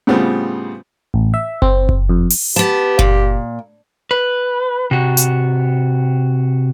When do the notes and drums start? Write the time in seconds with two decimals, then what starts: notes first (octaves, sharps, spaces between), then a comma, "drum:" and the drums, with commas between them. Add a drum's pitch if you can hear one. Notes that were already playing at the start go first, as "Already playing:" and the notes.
0.07 A2 C#3 G3 B3 C4 F4
1.14 A1
1.34 E5
1.62 C4, drum: kick F#1
1.89 drum: kick F#1
2.09 F2
2.30 drum: open hi-hat
2.56 B3 G4 A5
2.99 A#2, drum: kick F#1
4.11 B4
4.91 C3 F#4
5.17 drum: hi-hat